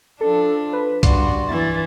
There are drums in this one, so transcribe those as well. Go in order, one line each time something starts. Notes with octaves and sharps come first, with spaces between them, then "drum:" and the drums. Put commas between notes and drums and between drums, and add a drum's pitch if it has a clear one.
F3 D4 A4
B4
G2 F#4 D5 C6, drum: kick C2, hi-hat
E3 E4 A6